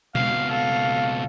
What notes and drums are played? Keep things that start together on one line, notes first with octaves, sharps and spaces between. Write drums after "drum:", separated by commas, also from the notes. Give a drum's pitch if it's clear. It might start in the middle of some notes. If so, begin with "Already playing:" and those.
C#2 B2 F5, drum: tom B2
A4 F5